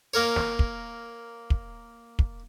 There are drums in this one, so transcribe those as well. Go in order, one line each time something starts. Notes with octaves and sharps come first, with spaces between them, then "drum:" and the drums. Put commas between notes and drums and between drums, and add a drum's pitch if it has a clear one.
A#3 A#4 C#5
drum: snare
drum: kick
drum: kick
drum: kick